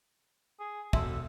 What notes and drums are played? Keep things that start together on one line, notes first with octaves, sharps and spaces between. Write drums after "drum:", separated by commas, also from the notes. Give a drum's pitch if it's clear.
G#4
E1 E4 A4, drum: kick